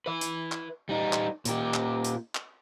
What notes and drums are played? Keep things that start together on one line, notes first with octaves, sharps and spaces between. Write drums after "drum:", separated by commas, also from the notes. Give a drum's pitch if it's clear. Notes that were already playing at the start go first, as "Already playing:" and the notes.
B4 E5
drum: hi-hat
drum: clap
G3 D#4
drum: clap
A#2 G4, drum: hi-hat
drum: clap
drum: hi-hat
drum: clap